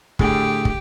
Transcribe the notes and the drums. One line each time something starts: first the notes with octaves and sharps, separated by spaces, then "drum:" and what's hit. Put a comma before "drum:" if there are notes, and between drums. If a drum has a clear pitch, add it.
A2 D3 G4 G#4, drum: kick
drum: kick